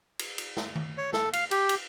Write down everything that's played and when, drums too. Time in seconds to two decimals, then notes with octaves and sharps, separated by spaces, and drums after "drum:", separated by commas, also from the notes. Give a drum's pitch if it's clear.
0.19 drum: cymbal
0.38 drum: cymbal
0.57 drum: snare
0.75 drum: tom D#3
0.98 C#5
1.13 A4, drum: snare
1.33 F5, drum: cymbal
1.51 G4, drum: cymbal
1.69 drum: cymbal